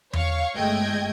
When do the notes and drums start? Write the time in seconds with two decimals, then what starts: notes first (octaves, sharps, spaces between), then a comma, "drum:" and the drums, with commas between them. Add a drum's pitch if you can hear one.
0.13 C#5 F5 C#6, drum: tom E2
0.56 G1 G#3 A3 D#5 G5 G#6